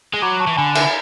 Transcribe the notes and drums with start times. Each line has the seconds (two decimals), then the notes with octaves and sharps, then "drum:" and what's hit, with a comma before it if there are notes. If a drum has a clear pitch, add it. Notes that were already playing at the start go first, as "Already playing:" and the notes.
0.13 G#3
0.22 F#3 B5 D6
0.34 D6
0.40 A5 C#6
0.47 E3
0.57 D3 G#5 B5
0.75 E5 G#5, drum: cymbal